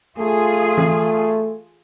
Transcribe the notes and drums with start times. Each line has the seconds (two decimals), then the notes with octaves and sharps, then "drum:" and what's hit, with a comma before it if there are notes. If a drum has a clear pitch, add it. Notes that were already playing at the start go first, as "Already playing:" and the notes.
0.18 A3 F4 G#4
0.77 drum: tom E3